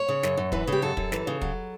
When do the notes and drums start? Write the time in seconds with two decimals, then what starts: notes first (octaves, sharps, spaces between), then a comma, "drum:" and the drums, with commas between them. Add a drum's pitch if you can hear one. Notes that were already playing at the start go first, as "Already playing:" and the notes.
Already playing: C#5
0.08 C#3
0.23 F#2, drum: snare
0.37 F#2
0.52 E3 B4, drum: kick
0.67 C#3 G4
0.82 F#2 A4
0.97 F#2, drum: kick
1.12 E3, drum: snare
1.27 C#3
1.42 F#3, drum: kick